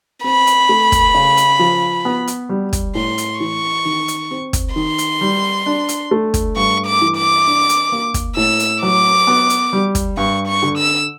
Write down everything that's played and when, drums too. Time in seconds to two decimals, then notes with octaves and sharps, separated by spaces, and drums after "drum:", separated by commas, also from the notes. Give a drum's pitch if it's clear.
0.24 C4 B5
0.47 drum: hi-hat
0.69 A3
0.92 drum: kick, hi-hat
1.15 C#3
1.37 drum: hi-hat
1.59 F3
2.05 B3
2.27 drum: hi-hat
2.49 G3
2.73 drum: kick, hi-hat
2.95 A2 C6
3.18 drum: hi-hat
3.40 E3 C#6
3.85 D#3
4.08 drum: hi-hat
4.31 C4
4.53 drum: kick, hi-hat
4.75 D#3 C6
4.98 drum: hi-hat
5.21 G3
5.66 D4
5.89 drum: hi-hat
6.11 A3
6.34 drum: kick, hi-hat
6.56 G2 C#6
6.86 D6
7.02 E3
7.17 D6
7.47 D4
7.69 drum: hi-hat
7.92 A#3
8.14 drum: kick, hi-hat
8.36 A2 E6
8.59 drum: hi-hat
8.82 F#3 D6
9.27 B3
9.50 drum: hi-hat
9.73 G3
9.95 drum: kick, hi-hat
10.17 G2 C#6
10.47 C#6
10.63 D3
10.78 E6